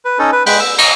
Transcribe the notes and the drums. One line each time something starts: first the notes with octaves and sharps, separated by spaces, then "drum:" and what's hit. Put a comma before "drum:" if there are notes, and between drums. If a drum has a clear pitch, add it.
B4
C#4 D#4 A4
B4
G#3 G5 B5 F#6, drum: open hi-hat
E6
D#5 A#5, drum: cymbal